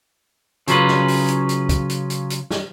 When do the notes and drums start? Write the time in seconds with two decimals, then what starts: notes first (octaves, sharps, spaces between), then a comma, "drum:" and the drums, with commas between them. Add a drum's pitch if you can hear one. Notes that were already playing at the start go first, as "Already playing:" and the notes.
0.67 C#3 F#3 C#4 F4 B4, drum: hi-hat
0.88 drum: snare
1.08 drum: open hi-hat
1.29 drum: hi-hat
1.49 drum: hi-hat
1.69 drum: kick, hi-hat
1.90 drum: hi-hat
2.10 drum: hi-hat
2.30 drum: hi-hat
2.51 drum: snare